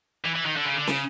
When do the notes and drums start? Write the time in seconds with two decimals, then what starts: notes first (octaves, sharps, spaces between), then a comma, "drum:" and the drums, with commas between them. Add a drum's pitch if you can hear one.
0.24 E3
0.35 E3
0.45 D#3
0.56 D3
0.65 C#3
0.76 D3
0.87 C#3, drum: snare